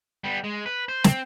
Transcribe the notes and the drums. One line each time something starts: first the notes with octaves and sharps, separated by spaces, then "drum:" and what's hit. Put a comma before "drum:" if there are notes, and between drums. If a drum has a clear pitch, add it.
G3 B3
G#3
B4
C5
C4, drum: snare